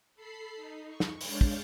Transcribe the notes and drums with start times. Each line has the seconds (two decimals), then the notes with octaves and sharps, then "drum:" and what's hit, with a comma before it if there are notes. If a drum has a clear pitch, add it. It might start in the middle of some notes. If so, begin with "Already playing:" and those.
0.15 A4 B5 C7
0.56 D#4
0.87 C#6
1.00 drum: snare
1.21 G#3 D4 C#5 F5 G6 A6, drum: open hi-hat
1.41 drum: kick